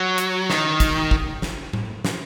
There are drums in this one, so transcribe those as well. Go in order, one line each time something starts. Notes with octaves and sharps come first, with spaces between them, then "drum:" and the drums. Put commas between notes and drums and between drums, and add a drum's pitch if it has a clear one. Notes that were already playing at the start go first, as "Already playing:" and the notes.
Already playing: F#3
drum: hi-hat
D#3, drum: snare
drum: kick, hi-hat
drum: kick
drum: snare
drum: tom A2
drum: snare